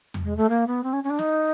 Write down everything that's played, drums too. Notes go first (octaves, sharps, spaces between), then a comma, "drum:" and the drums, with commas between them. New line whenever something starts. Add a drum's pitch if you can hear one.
drum: tom E2
G#3
A3
A#3
B3
C4
C#4
C#4
D4
D#4, drum: snare